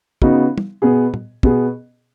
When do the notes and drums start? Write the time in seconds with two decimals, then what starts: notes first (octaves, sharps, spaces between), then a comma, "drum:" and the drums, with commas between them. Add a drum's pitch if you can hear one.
0.22 C#3 B3 D#4 F#4, drum: kick
0.58 drum: tom
0.82 B2 B3 G#4
1.14 drum: tom
1.43 B2 B3 G#4, drum: kick